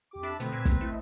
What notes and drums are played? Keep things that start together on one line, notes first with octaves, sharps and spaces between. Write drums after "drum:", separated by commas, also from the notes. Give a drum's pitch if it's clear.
F2 G4 D6
D4 E5 A5 B5
B2 D3 A3 C4 B4, drum: hi-hat
A#2 E6 G#6 B6
E1 B2 F3 A#3, drum: kick, hi-hat
A3 E4 D#5